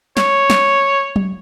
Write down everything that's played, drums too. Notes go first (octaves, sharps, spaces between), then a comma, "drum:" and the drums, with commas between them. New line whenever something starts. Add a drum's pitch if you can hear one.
C#5, drum: snare
drum: snare
drum: tom F#3